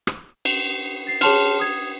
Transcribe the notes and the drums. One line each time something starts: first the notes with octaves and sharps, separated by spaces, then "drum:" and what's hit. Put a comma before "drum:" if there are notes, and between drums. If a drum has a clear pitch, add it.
drum: rim click
drum: cymbal
A6 C7
G#4 C#5 A5 C6 F6, drum: cymbal
D#6 G#6